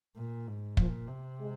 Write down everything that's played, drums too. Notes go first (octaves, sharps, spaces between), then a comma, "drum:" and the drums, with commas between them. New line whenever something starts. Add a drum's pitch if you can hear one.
A#2
G#2
A#2 F3, drum: kick
C3
G#3